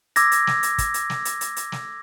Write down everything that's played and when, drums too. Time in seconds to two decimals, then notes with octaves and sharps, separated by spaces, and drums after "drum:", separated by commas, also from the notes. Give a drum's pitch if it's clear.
0.16 D6 E6 G#6 A#6, drum: hi-hat
0.32 drum: hi-hat
0.47 drum: snare
0.63 drum: hi-hat
0.78 drum: kick, hi-hat
0.94 drum: hi-hat
1.10 drum: snare
1.25 drum: hi-hat
1.41 drum: hi-hat
1.56 drum: hi-hat
1.72 drum: snare